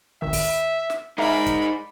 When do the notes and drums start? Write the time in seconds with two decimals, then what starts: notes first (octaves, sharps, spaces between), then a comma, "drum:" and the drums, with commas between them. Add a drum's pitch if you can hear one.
0.22 G#1 D2 D#3 E5
0.33 drum: kick, open hi-hat
0.90 drum: snare
1.18 D#4 G#4 A#4 D5 E5 A#5 B5 D6
1.46 drum: kick, hi-hat